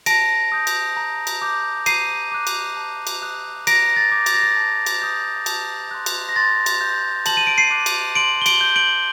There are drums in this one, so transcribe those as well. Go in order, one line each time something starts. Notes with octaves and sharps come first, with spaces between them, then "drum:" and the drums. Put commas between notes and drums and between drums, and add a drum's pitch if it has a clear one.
A5 A#6 D7, drum: cymbal
D#6 G6
drum: cymbal
A#5
drum: cymbal
D6 G6
A#5 C7 D#7, drum: cymbal
D6 F#6
drum: cymbal
A5
drum: cymbal
D#6 F#6
A#5 A#6 D7, drum: cymbal
A6
D6 G6
A6, drum: cymbal
A#6
A6
A5
drum: cymbal
D#6 G6
A5, drum: cymbal
C6 F#6
drum: cymbal
A#6
C6 A6
drum: cymbal
G6
A5 F#7, drum: cymbal
D#7
D7
C7 D#7
D6 F#6
drum: cymbal
C6 D7 F#7
G7
D7 F#7, drum: cymbal
G6
D7 F#7